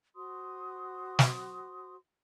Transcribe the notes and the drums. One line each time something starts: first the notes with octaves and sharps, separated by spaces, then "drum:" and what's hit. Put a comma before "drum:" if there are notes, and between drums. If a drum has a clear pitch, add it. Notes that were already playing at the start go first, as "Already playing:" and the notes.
F#4 C5 C6 D#6
drum: snare